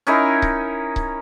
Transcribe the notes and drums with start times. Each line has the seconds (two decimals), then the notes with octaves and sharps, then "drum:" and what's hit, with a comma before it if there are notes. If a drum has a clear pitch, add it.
0.07 C#4 D#4 E4 A#4
0.42 drum: kick C#1
0.96 drum: kick C#1